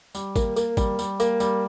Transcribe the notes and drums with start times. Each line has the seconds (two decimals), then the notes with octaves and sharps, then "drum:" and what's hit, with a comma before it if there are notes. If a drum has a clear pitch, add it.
0.15 G3, drum: tambourine
0.36 A#3, drum: kick, tambourine
0.56 A#3, drum: tambourine
0.77 G3, drum: kick, tambourine
0.99 G3, drum: tambourine
1.20 A#3, drum: tambourine
1.40 G3, drum: tambourine